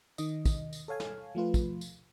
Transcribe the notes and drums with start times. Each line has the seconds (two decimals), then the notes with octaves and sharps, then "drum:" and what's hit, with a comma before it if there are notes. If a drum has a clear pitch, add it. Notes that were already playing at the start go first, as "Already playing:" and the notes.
0.18 D#3 D#5, drum: tambourine
0.45 drum: kick, tambourine
0.73 drum: tambourine
0.88 A4 C#5 F5 G#5
1.00 drum: snare
1.35 F3 A3 F4 B4
1.54 drum: kick, tambourine
1.81 drum: tambourine